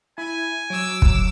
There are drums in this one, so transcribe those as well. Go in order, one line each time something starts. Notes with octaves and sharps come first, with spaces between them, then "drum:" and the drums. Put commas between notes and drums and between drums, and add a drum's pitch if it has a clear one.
E4 G#5
F#3 D6 E6
drum: kick